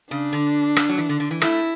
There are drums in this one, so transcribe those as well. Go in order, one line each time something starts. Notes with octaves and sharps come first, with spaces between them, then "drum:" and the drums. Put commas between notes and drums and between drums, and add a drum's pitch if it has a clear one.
C#3 D4
D3
drum: rim click
F#3
E3
D3
D3
E3
A3 E4, drum: rim click